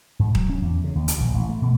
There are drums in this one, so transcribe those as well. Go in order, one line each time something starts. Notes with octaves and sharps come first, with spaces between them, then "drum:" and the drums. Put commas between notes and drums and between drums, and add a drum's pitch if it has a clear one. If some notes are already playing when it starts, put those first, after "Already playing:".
G#2
F#3, drum: kick D#1
C#4
E2
C#3
D#2
D2, drum: hi-hat
A#1
A1
A3
B2